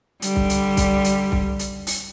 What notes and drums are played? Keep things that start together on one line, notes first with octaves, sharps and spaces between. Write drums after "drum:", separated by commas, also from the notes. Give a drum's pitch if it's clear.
D3 G3, drum: hi-hat
drum: kick C2
drum: hi-hat
drum: kick C2, hi-hat
drum: hi-hat
drum: kick C2
drum: hi-hat
drum: open hi-hat